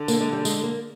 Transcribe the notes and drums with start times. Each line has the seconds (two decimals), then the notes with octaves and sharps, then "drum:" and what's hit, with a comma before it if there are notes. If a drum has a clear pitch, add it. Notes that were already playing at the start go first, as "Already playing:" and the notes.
Already playing: D3
0.08 A#3, drum: tambourine
0.21 G#3
0.33 G3
0.45 G#3, drum: tambourine
0.64 A#3